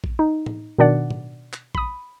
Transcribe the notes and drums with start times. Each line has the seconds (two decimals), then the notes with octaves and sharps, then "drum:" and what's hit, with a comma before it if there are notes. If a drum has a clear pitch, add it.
0.04 drum: kick
0.19 D#4
0.46 drum: tom A2
0.78 B2 D#3 D4 D5 F#5
1.10 drum: tom
1.53 drum: clap
1.75 B5 D#6, drum: kick